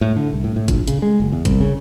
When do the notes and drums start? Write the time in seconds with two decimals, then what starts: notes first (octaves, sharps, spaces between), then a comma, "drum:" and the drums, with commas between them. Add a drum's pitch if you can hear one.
0.01 A2
0.16 D3
0.33 C2
0.44 A2
0.56 A2
0.68 A#1, drum: kick G1, hi-hat
0.87 C#3, drum: hi-hat
1.02 G#3
1.20 F#1
1.32 E2
1.45 C2, drum: kick G1, hi-hat
1.61 C#3